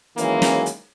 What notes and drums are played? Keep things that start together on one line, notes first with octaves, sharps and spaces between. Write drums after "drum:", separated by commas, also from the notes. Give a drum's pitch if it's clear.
D#3 E3 F#3 G#3 A#3 C#4, drum: hi-hat
drum: snare
drum: hi-hat